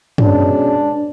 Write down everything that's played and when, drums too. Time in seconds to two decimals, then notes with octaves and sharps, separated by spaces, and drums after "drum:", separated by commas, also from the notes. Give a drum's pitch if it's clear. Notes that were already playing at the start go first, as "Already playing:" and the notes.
0.18 B2 G#3 C#4 D4, drum: tom